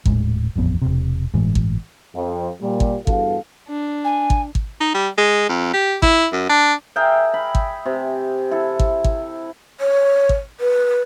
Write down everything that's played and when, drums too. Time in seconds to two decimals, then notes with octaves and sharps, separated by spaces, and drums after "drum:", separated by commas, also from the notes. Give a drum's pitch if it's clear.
0.06 D#1 A2 G#3, drum: kick
0.56 D#1 A1 F2 B3
0.82 E1 C3
1.34 G1 A2 E3 G#3
1.55 drum: kick
2.15 F2
2.61 A#2 G3
2.80 drum: kick
3.07 E2 G2 F#4 A4 F5, drum: kick
3.68 D4
4.04 G#5
4.30 drum: kick
4.55 drum: kick
4.81 D#4
4.94 G3
5.18 G#3
5.49 F2
5.74 G4
6.02 E4, drum: kick
6.33 F#2
6.49 D4
6.96 G#4 A#4 E5 G5
7.34 B5
7.55 drum: kick
7.86 C3
8.51 E4 A4
8.79 drum: kick
9.04 drum: kick
9.80 C#5
10.29 drum: kick
10.60 B4